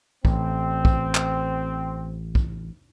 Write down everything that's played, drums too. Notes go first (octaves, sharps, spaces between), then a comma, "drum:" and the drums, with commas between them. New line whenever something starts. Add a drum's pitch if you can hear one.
A1 C4, drum: kick
drum: kick
drum: clap
drum: kick